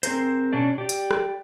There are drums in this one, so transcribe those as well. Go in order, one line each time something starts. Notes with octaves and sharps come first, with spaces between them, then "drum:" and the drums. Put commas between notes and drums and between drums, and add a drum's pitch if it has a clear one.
C4 G#4 A#4 C5, drum: hi-hat
B2 C#4 D4 D5
G4 D5
drum: hi-hat
drum: rim click